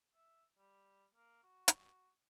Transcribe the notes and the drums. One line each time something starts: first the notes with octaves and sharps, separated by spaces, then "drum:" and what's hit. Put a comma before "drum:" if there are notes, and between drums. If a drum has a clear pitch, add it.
E5
G3
A#3
F#4
drum: hi-hat